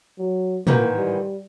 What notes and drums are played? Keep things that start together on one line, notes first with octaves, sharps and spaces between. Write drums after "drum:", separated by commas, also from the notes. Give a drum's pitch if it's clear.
F#3
G#2 D#3 E3 A#3, drum: tom
G3